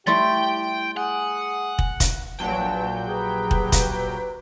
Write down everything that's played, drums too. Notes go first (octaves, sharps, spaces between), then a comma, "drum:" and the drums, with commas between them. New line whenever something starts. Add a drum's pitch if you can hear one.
G3 A3 E4 G4 G5 C6 A6
G#4 F#5
drum: kick
drum: kick, hi-hat
A#1 A#2 F#3 B4 F#5 G5 A5
G4 G#4 B4 A#5
drum: kick
drum: kick, hi-hat